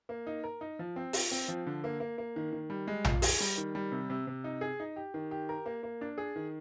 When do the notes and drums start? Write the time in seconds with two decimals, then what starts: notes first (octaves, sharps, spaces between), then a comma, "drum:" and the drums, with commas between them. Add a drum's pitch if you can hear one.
0.09 A#3
0.27 D#4
0.44 A#4
0.61 D#4
0.79 F3
0.96 C4
1.13 F4, drum: open hi-hat
1.31 C4
1.48 F3
1.67 D3
1.84 A#3
2.00 A#3
2.18 A#3
2.36 D#3
2.52 D#3
2.70 G3
2.87 G#3
3.04 F4, drum: tom A#1
3.22 G#4, drum: open hi-hat
3.40 G3
3.57 D#3
3.75 G3
3.92 C3
4.10 C3
4.27 C3
4.44 D#4
4.61 G#4
4.80 D#4
4.96 G4
5.14 D#3
5.31 G4
5.49 A#4
5.66 A#3
5.83 A#3
6.01 D4
6.18 G#4
6.36 D#3